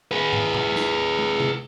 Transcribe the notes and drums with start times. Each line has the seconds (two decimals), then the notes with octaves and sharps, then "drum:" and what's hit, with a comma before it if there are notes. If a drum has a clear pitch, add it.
0.11 G#4 B4
0.33 drum: tom
0.54 drum: tom A#2
0.76 drum: snare
1.19 drum: tom
1.40 drum: tom C3